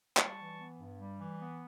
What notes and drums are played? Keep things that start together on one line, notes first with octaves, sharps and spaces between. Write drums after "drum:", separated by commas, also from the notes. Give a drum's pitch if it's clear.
G3 A5 C#6, drum: clap
E3
B3
G2
G3
E3
B3